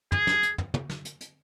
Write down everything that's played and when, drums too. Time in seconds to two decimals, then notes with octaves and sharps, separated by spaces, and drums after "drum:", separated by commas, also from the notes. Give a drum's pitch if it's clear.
0.12 G#4, drum: tom
0.27 drum: snare
0.43 drum: hi-hat
0.58 drum: tom
0.74 drum: tom
0.90 drum: snare
1.05 drum: hi-hat
1.21 drum: hi-hat